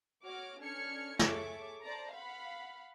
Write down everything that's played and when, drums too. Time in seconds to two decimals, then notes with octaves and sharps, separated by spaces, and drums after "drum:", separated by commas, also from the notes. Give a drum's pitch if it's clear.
0.24 F#4 C#5 D6 F6
0.61 C#4 D4 A4 F6 G#6 C#7
1.19 G#4 A4 C#5 E5 C#6 D6, drum: snare
1.83 C5 D5 A5 A#5
2.13 F5 F#5 B5